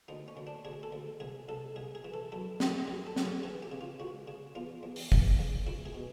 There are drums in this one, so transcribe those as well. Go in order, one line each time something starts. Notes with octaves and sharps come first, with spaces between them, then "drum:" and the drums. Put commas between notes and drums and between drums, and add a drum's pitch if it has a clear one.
D2 D#4
C#4
D2
D4
D2 G#4
A4
D2
C2 G#4
C2 A4
C2 G#4
G#4
E3
A4
F#2 A4
F#2, drum: snare
G4
F#2 G#4
A4
F#2, drum: snare
G#4
E3 G#4
G4
C#3
F4
C#2 F#4
C#3
E2 F4
E2
drum: open hi-hat
E2, drum: kick
C#3
C#2 E4
G#4
B2